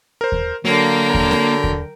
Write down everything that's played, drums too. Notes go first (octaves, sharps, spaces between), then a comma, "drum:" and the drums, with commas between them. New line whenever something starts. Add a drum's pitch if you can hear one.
A#4 C5
drum: kick D#2
D3 F#3 A#3 A#4 G5
drum: kick D#2
drum: snare C4
drum: kick D#2